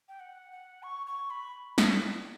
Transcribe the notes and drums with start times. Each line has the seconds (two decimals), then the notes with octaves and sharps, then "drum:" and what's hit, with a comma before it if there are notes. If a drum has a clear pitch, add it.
0.09 G5
0.20 F#5
0.52 F#5
0.83 C#6
1.07 C#6
1.30 B5
1.78 drum: snare